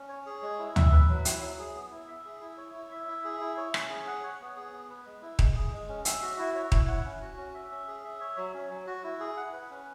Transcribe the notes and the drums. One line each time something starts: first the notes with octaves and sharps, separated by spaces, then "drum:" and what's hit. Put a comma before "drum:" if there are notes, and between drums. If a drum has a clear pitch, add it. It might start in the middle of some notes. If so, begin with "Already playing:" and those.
Already playing: C#4
C#5
G#4
G#3
E4
E5, drum: tom
B4
F#3
E4, drum: hi-hat
F#3
G#4
B3
E4
E5
G#4
E4
C#5
E4
E5
E4
G#4
E4
C#5
C#4, drum: rim click
G#4
F#5
C#5
B3
G#4
B3
B4
G#3
E4
G#3, drum: kick D#1
G#4
G#3
C#4
E5, drum: hi-hat
F#4
E4
C#5
E4, drum: kick D#1
F#5
C#4
F#4
C#4
E5
C#4
G#4
E5
C#5
F#3
C#4
F#3
F#4
E4
G#4
F#5
B4
C#4